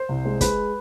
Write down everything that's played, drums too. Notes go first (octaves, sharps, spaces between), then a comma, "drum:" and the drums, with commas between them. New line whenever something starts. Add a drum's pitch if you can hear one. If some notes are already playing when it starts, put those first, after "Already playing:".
Already playing: C5
C2
G#3
G#3 B4, drum: kick, hi-hat